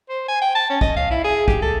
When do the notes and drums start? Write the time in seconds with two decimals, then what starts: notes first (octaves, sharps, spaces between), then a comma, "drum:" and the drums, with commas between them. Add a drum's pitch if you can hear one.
0.09 C5
0.28 G#5
0.41 G5
0.55 A5
0.70 C#4
0.81 D#5, drum: kick
0.96 F5
1.10 E4
1.24 G#4
1.48 G4, drum: kick
1.62 A4